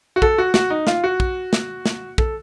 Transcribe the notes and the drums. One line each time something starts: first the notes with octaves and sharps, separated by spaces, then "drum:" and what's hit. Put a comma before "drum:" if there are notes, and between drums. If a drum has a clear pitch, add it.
F#4
A4, drum: kick
F#4
F#4, drum: snare
D#4
F4, drum: snare
F#4
drum: kick
drum: snare
drum: snare
A4, drum: kick